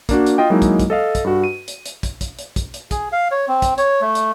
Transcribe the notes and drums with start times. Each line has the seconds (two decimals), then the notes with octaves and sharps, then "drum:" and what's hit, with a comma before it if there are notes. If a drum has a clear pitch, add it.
0.09 A#3 D4 F#4, drum: kick, hi-hat
0.26 drum: hi-hat
0.38 F4 D#5 G5
0.50 F#3 G#3 A#3 D#4 E4
0.62 drum: kick, hi-hat
0.79 drum: kick, hi-hat
0.90 A4 D#5 F5
1.15 drum: kick, hi-hat
1.24 G2 F#4
1.44 D#7
1.68 drum: hi-hat
1.86 drum: hi-hat
2.03 drum: kick, hi-hat
2.21 drum: kick, hi-hat
2.39 drum: hi-hat
2.56 drum: kick, hi-hat
2.74 drum: hi-hat
2.91 G#4, drum: kick, hi-hat
3.12 F5
3.31 C#5
3.48 C4
3.62 drum: kick, hi-hat
3.78 C#5, drum: hi-hat
4.01 A3
4.15 drum: hi-hat